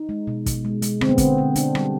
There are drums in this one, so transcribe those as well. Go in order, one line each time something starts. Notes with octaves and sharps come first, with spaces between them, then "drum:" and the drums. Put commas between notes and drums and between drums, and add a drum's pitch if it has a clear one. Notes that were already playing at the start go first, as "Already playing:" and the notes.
Already playing: D#4
G#3
B2
B2, drum: kick, hi-hat
G#3
G#3, drum: hi-hat
D3 C4, drum: rim click
B3
D3 C4, drum: kick, hi-hat
D3
D3 D4, drum: hi-hat
G3, drum: rim click